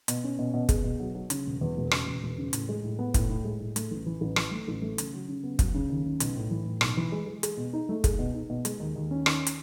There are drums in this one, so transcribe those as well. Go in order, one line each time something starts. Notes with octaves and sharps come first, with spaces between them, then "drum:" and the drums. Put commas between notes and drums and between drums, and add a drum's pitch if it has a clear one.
B2, drum: hi-hat
C#4
B2
B2
G#4, drum: kick, hi-hat
B2
F#3
F#3
C#3, drum: hi-hat
E1
E2
E1
C#3, drum: rim click
E1
E1
C#3
A2, drum: hi-hat
G#3
A2
B3
A2, drum: kick, hi-hat
A2
G#3
A2
A3, drum: hi-hat
A1
E3
A1
E3, drum: rim click
A3
A1
A3
C#3, drum: hi-hat
F#3
C#3
B3
F#3, drum: kick, hi-hat
C#3
D#2
C#3
B1, drum: hi-hat
A2
E3
A2
B1, drum: rim click
E3
G#3
G#3
G#4, drum: hi-hat
B2
D#4
A3
G#4, drum: kick, hi-hat
B2
D#4
B2
G#3, drum: hi-hat
D#2
D#2
C#4
D#3, drum: rim click
drum: hi-hat